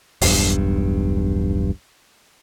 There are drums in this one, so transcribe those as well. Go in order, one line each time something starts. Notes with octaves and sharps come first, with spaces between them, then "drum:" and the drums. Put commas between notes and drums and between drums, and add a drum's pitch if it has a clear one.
E1 B1 G2, drum: open hi-hat